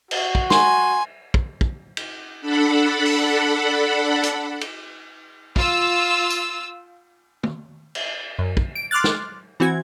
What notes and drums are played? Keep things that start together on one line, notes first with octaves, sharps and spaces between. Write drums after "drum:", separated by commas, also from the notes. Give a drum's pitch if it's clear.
F#4, drum: cymbal
drum: kick
G#5 C6, drum: snare
drum: kick
drum: kick
drum: cymbal
D4 A4 F#5 B5
drum: open hi-hat
drum: hi-hat
drum: cymbal
F4 E6, drum: kick
drum: tambourine
drum: tom
drum: cymbal
F#2
drum: kick
D7
C6 D6 F6 F#6 A6
drum: snare
E3 C4 F#4 G#6